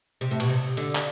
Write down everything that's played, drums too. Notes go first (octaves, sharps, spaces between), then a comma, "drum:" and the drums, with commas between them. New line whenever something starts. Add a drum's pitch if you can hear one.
C3
A2
B2, drum: cymbal
C3
D3, drum: cymbal
drum: clap